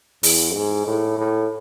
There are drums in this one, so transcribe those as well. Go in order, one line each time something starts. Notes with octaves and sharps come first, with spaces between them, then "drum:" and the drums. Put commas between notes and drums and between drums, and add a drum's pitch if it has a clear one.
E2, drum: open hi-hat
G#2
A2
A2